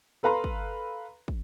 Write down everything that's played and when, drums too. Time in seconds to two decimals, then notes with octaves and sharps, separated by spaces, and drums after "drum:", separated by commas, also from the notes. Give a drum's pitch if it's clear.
0.23 A4 B4 F5 A#5 C6
0.44 drum: kick
1.28 drum: kick